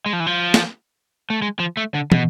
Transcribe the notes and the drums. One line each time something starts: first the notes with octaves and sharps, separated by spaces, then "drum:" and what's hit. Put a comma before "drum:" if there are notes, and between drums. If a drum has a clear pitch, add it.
G#3
F3
E3
F3
drum: snare
A3
G#3
F3
A3
D3
B2, drum: tom